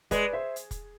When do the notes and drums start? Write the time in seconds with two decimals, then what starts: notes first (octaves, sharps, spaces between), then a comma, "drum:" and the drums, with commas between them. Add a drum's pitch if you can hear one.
0.11 G#3 B4 D5, drum: kick, hi-hat
0.33 C5 E5
0.56 drum: hi-hat
0.71 drum: kick, hi-hat